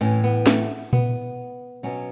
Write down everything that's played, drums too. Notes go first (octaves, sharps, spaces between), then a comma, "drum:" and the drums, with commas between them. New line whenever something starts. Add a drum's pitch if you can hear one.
A2 E3 C#4
B3
A3, drum: snare
B3, drum: tom A#2
B2 F#3 C#4